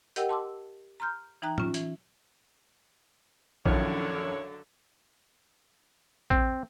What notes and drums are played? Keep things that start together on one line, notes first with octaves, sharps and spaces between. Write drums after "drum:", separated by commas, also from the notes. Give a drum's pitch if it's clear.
G4 A#4 D#5 F#5 G5 E6, drum: hi-hat
A5 C6 D6 E6
A#5 C6 F6 G6
E3 D#4 G5 A#5 F#6
C#4 F4, drum: tom A2
E3, drum: hi-hat
A#1 F#2 D3 D#3 F#3 E4 C#5, drum: kick
C4, drum: kick